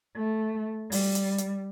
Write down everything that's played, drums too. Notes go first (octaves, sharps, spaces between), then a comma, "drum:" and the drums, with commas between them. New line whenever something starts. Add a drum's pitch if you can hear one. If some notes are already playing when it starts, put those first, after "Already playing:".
A3
G3, drum: open hi-hat
drum: hi-hat
drum: hi-hat